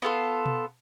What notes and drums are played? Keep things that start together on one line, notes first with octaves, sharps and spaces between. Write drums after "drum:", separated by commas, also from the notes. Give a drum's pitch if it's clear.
B3 F4 A4 C6
drum: tom B2